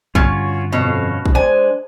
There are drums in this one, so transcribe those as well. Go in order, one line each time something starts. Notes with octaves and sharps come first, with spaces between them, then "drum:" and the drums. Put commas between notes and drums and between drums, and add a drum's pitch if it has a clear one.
G2 D3 C#4 F4 F#4 C#5, drum: kick
F2 B2 C#4 C#5 F5
drum: kick
G#3 D4 C5 G#5